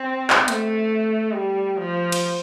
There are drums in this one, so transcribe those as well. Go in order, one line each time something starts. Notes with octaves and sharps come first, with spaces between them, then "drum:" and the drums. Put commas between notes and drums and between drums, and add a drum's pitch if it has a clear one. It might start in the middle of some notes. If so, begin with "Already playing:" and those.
Already playing: C4
drum: clap
A3, drum: hi-hat
G3
F3
drum: cymbal